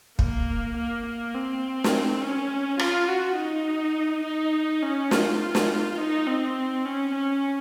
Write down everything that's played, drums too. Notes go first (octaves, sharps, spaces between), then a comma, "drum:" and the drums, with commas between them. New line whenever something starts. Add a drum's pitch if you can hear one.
A#3, drum: kick
A#3
A#3
C4
drum: snare
C#4
F4, drum: rim click
F#4
D#4
D#4
C#4
F4, drum: snare
drum: snare
D#4
C4
C#4
C#4